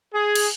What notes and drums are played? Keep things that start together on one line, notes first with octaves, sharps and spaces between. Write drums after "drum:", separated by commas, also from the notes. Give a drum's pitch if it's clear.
G#4
drum: cymbal